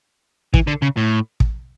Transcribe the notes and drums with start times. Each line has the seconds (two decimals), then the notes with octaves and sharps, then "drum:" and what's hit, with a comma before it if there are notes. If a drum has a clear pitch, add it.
0.54 E3, drum: kick
0.67 D3
0.82 C#3
0.97 A2
1.40 drum: kick